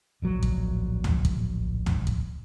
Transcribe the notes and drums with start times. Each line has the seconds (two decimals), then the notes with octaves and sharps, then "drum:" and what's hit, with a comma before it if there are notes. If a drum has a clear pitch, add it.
0.22 D1 A#1 F#3
0.43 drum: kick A1
1.04 drum: tom D2
1.25 drum: kick A1
1.86 drum: tom D2
2.07 drum: kick A1